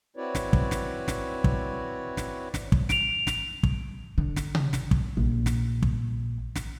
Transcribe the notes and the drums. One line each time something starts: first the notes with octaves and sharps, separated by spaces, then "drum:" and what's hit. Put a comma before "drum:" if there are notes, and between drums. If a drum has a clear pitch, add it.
C4 E4 F#4 B4 C#5 D5
drum: snare
drum: kick
drum: snare
drum: snare
drum: kick
drum: snare
drum: snare
drum: kick
D7 F7, drum: snare
drum: snare
drum: kick
D3
drum: snare
drum: tom C3
drum: snare
drum: kick
A#1
drum: snare
drum: kick
drum: snare